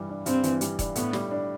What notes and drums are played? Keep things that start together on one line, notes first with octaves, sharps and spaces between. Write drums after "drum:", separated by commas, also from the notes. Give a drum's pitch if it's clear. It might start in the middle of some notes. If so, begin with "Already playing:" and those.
Already playing: G2 E3 G3
D4
G2 C4, drum: hi-hat
E3, drum: hi-hat
G3, drum: hi-hat
D4, drum: kick E1, hi-hat
A2 B3, drum: hi-hat
G3, drum: snare
D4